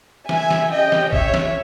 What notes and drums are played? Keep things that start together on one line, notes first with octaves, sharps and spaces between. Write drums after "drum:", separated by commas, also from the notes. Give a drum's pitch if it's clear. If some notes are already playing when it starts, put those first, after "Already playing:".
E5 G#5, drum: snare
drum: snare
C#4 G4 D#5 G5
drum: snare
C#5 E5, drum: kick
drum: snare